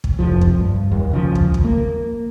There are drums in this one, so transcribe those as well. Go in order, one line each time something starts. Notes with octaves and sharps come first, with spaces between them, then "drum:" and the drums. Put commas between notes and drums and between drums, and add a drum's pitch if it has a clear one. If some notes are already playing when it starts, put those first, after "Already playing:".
drum: kick
F1 F3
drum: kick
G2
D#2
D#2 C#3 F3
drum: kick
drum: kick
A#3